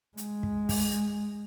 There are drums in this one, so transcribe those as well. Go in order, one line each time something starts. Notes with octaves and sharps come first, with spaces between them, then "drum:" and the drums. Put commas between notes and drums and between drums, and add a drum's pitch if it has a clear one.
G#3, drum: hi-hat
drum: kick
drum: kick, open hi-hat